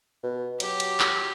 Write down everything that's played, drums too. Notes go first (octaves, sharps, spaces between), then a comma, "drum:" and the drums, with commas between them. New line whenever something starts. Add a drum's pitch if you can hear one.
B2
F#3 G4, drum: cymbal
drum: cymbal
drum: clap